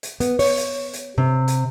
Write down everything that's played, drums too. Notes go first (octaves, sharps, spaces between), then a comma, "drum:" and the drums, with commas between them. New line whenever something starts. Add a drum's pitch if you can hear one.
drum: hi-hat
B3, drum: hi-hat
C#5, drum: open hi-hat
drum: hi-hat
drum: hi-hat
C3
drum: hi-hat